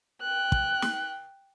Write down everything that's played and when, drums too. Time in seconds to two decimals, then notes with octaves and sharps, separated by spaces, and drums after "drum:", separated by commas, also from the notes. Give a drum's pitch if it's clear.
0.22 G5 F#6
0.52 drum: kick
0.82 drum: snare